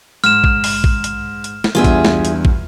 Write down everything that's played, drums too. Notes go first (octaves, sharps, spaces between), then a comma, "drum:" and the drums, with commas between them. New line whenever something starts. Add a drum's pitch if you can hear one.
G#2 F6 E7, drum: hi-hat
drum: kick A1
drum: open hi-hat
drum: kick A1
drum: hi-hat
drum: hi-hat
drum: snare
E2 G2 E3 B3 D4 F4 G#4 E5
drum: kick A1, hi-hat
drum: snare
drum: hi-hat
drum: kick A1